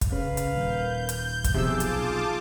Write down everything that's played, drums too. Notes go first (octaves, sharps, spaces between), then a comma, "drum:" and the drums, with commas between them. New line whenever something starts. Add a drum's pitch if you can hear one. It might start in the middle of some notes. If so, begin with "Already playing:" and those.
drum: kick, hi-hat
C#3 A#4 B4 F5
drum: hi-hat
D#1 G6
drum: hi-hat
drum: kick, hi-hat
B1 C3 F3 F4 G#4 A5 D6 E6
drum: hi-hat